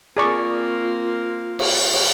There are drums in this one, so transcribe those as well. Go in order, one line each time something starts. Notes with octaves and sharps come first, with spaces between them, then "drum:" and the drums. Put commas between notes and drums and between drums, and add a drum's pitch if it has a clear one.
A#3 C4 F4 G#4 D5 C#6
drum: cymbal
drum: cymbal